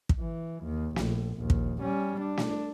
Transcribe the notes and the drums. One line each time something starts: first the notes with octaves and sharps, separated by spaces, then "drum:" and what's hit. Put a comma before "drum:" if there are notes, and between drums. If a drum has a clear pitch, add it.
drum: kick
E3
D#2
A#1, drum: snare
A#1 D#2
drum: kick
G3 C#4
D4
drum: snare